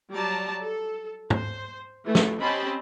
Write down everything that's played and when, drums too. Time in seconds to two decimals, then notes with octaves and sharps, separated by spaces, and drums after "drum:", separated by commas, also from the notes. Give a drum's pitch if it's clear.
0.11 F#3 G3 D5 A5 A#5
0.63 A4
1.30 C5, drum: tom
2.05 E3 A3 A4
2.15 drum: snare
2.40 C4 C#4 G4 D#5 A5 B5